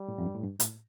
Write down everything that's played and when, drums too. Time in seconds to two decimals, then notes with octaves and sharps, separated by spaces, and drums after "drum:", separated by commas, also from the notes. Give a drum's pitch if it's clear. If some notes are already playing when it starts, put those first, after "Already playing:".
Already playing: G3
0.08 A2
0.18 F2
0.26 G2
0.34 A2
0.43 G2
0.60 A2, drum: hi-hat